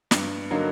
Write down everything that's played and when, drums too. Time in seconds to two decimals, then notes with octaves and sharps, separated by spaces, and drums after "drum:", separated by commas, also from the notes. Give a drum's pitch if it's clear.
0.11 G2, drum: snare
0.51 D3 F#3 A#3 D#4